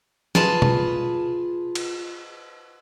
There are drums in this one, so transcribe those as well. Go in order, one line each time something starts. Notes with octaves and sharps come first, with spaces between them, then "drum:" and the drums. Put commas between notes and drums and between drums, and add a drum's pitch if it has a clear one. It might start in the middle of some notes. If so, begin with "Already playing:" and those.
F4 G#4 B4 A5, drum: snare
drum: tom
drum: cymbal